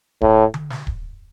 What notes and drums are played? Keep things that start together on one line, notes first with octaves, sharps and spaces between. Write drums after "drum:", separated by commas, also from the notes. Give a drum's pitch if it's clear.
A2, drum: kick D1
drum: tom D3
drum: snare
drum: kick D1